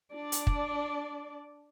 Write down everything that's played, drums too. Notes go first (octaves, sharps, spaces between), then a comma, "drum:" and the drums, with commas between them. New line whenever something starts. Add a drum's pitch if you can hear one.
D4 D5
drum: hi-hat
drum: kick